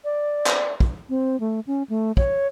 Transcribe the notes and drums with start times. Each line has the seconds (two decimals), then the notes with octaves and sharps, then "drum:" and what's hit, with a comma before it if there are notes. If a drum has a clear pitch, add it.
0.05 D5
0.46 drum: clap
0.80 drum: kick
1.09 C4
1.40 A3
1.67 C#4
1.89 A3
2.17 C#5, drum: kick